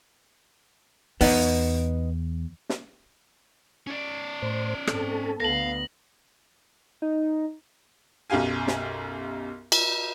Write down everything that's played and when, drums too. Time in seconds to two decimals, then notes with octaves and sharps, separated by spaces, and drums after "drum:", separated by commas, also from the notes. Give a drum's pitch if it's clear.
1.21 E2 B3 D#4, drum: open hi-hat
2.69 drum: snare
3.87 C#4 D5
4.42 A2 C5
4.87 G#2 C4 A4, drum: rim click
5.40 D2 B3 F5 A#6 F#7
7.02 D#4
8.30 B1 F#2 G4 F5 G#5
8.68 drum: snare
9.72 drum: cymbal